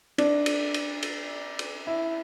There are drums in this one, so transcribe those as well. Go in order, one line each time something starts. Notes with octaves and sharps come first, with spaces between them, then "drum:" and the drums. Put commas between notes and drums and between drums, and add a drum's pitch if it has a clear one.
D4, drum: cymbal
drum: cymbal
drum: cymbal
drum: cymbal
drum: cymbal
E4